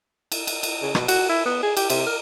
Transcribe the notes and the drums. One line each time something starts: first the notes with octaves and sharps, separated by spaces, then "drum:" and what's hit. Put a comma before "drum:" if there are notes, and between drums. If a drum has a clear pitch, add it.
drum: cymbal
drum: cymbal
drum: cymbal
C#3
B2, drum: rim click
F#4, drum: cymbal
E4
B3
G#4
G4, drum: cymbal
C3, drum: cymbal
A#4